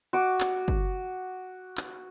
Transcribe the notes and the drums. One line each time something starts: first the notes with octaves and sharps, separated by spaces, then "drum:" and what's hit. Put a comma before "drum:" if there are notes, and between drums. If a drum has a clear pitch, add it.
F#4 D6
drum: clap
drum: kick
drum: clap